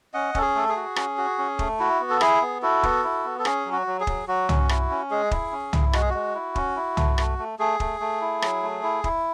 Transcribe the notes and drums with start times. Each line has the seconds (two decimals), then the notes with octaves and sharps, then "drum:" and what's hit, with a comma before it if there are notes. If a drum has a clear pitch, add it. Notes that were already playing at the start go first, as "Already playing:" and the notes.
0.14 C#4 D#5 F#5
0.35 C#4 A4, drum: kick
0.42 G#4
0.55 A3 A4
0.69 G#4
0.76 F#4
0.96 C#4, drum: rim click
1.17 F#4
1.38 C#4
1.59 A3, drum: kick
1.79 E4 F#4
2.00 B3
2.10 A4
2.21 E4 G#4, drum: rim click
2.42 B3
2.62 E4 F#4 A4
2.83 B3, drum: kick
3.04 E4
3.25 B3
3.39 A4
3.45 C#4 G#4, drum: rim click
3.66 F#3
3.72 F#4
3.87 F#3
4.01 G#4
4.07 F#3, drum: kick
4.28 F#3 F#4
4.49 C#4, drum: tom
4.69 E4, drum: rim click
4.90 C#4
5.11 G#3 G#4
5.31 E4, drum: kick
5.52 C#4
5.73 E4, drum: tom
5.93 G#3 F#4, drum: rim click
6.01 G#4
6.10 G#3 F#4
6.35 E4
6.56 C#4, drum: kick
6.76 E4
6.97 A3, drum: tom
7.18 A3, drum: rim click
7.38 A3
7.59 A3 G#4
7.80 A3, drum: kick
8.00 A3
8.21 E4
8.42 F#3, drum: rim click
8.63 A3
8.83 E4
9.04 E4, drum: kick